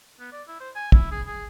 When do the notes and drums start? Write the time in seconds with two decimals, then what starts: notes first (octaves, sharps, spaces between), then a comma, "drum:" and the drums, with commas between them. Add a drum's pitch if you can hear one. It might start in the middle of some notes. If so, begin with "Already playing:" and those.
0.20 B3
0.32 D5
0.48 E4
0.60 C5
0.75 G#5
0.92 E4, drum: kick
1.11 G#4
1.27 G#4